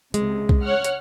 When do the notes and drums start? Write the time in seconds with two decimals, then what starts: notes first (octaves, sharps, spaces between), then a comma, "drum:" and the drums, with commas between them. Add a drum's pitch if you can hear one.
0.14 C#2 C3 G#3, drum: hi-hat
0.49 drum: kick B1
0.62 C#5 F#5 F6
0.84 drum: hi-hat